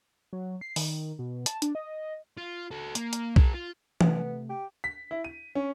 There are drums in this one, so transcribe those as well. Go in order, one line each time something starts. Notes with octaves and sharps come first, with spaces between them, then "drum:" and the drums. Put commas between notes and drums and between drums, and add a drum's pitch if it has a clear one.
F#3
C7
D#3, drum: open hi-hat
B2
A5, drum: hi-hat
D4, drum: hi-hat
D#5
F4
F#4 A4
A#3, drum: hi-hat
drum: hi-hat
G#4 A#4, drum: kick B1
F4
C3 A3 B3, drum: tom E3
G4
B6
E4
D#7
C#4